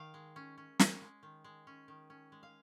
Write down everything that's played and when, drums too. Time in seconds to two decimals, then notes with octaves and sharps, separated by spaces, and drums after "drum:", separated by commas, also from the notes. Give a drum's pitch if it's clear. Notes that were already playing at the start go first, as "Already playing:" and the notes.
Already playing: D#3 F5
0.14 G#3
0.36 C#4
0.58 C#4
0.79 C#4, drum: snare
1.02 G#3
1.23 D#3
1.44 G#3
1.67 C#4
1.88 D#3
2.10 C#4
2.32 G#3
2.43 F5